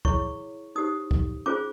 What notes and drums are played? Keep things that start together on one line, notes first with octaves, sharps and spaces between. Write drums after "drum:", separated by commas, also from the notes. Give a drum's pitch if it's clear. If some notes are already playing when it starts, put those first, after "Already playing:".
E4 G#4 C#5 C#6, drum: kick
D#4 G4 C5 D#6
drum: kick
C#4 F4 G#4 C5 D6